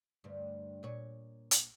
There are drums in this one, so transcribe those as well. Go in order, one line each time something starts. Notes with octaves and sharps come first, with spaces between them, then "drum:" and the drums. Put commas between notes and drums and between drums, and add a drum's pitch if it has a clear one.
D2 G2
A#2 C#5
drum: hi-hat